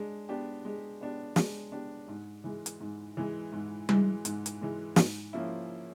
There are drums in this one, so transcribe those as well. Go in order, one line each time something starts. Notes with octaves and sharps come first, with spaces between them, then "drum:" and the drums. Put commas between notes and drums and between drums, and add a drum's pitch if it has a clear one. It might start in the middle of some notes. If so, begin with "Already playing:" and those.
Already playing: G#3 D4
B3 D4 G4
G#3
B3 D4 G4
G#3, drum: snare
B3 D4 G4
G#2
E3 G#3
drum: hi-hat
G#2
E3 G#3
G#2
E3 G#3, drum: tom G3
G#2, drum: hi-hat
drum: hi-hat
E3 G#3
G#2, drum: snare
F3 A#3 C#4 E4